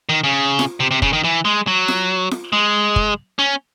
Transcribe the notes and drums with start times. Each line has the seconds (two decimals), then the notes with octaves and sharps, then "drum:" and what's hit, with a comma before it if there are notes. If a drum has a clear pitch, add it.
0.09 D#3
0.24 C#3
0.59 drum: snare F4
0.80 C3
0.91 C3
1.02 C#3, drum: kick
1.13 D#3
1.24 E3
1.45 G#3
1.67 F#3
1.88 drum: snare F4
2.31 drum: snare F4
2.53 G#3
2.96 drum: kick
3.39 C#4